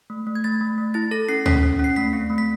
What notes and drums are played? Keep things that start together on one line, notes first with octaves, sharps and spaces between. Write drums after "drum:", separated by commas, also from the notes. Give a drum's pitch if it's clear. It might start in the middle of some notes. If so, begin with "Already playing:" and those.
A3
A3
G#6
A3 A6
A3
A3
E4 A6
A4 A#6
C#4 C7
C#4 B6, drum: tom D2
C#4
C#4
C7
A3 B6
C4
A3
B6